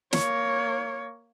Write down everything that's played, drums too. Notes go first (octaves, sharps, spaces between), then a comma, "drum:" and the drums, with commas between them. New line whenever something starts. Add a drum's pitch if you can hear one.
A#3 C#5, drum: snare